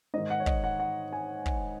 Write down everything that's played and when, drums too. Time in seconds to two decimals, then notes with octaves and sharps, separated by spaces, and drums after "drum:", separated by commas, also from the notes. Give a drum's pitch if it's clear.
0.14 G#2 D#3 D#5
0.30 F#5
0.40 C#5
0.46 D#5, drum: kick
0.64 F#5
0.80 F#5
1.13 G#5
1.46 drum: kick